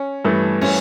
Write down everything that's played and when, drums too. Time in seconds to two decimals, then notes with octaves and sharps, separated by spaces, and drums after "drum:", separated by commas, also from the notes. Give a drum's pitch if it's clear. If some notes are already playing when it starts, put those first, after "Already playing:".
Already playing: C#4
0.25 G2 E3 A3
0.61 C#4, drum: cymbal